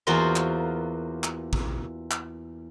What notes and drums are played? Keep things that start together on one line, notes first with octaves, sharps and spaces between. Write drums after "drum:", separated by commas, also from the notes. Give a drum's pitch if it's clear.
E2 A#3 F4 F#4 C5 C6
drum: clap
drum: clap
drum: kick
drum: clap